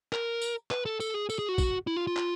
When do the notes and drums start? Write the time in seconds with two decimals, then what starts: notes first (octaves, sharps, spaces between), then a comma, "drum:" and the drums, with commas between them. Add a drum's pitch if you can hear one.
0.13 A#4, drum: clap
0.41 drum: tambourine
0.71 B4, drum: clap
0.86 A4
1.00 A4, drum: tambourine
1.14 G#4
1.30 A4, drum: tambourine
1.39 G#4
1.49 F#4
1.58 drum: kick, tambourine
1.87 E4
1.96 F4
2.07 F4
2.16 drum: clap